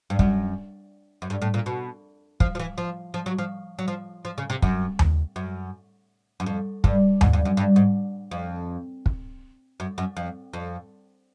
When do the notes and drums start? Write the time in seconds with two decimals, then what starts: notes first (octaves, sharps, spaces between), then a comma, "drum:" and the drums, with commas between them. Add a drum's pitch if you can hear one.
0.10 G2
0.19 F#2, drum: kick
1.22 F#2
1.30 G2
1.42 A2
1.54 A#2
1.66 B2
2.40 F3, drum: kick
2.55 F3
2.59 E3
2.78 F3
3.14 F3
3.26 F#3
3.38 F3
3.79 F#3
3.88 F3
4.25 F3
4.38 C#3
4.50 C3
4.62 F#2, drum: kick
4.99 drum: tom D#2
5.36 F#2
6.40 F#2
6.46 F2
6.84 G2, drum: kick
7.21 G#2, drum: tom D#2
7.33 G2
7.45 F#2
7.57 G2
7.76 G#2
8.31 F2
9.06 drum: kick
9.80 F#2
9.98 F#2
10.17 F2
10.53 F2